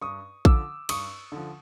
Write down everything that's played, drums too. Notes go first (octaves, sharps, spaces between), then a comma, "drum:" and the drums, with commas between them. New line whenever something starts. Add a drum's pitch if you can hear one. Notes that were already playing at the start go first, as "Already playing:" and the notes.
G2 C#6 D#6
D3 F3 D6 E6, drum: kick A#1
G2 C#6 D#6, drum: cymbal
D3 F3